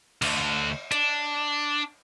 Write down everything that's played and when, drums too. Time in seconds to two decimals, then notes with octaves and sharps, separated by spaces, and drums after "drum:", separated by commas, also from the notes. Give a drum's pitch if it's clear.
0.22 D2 D3, drum: cymbal
0.92 D4, drum: hi-hat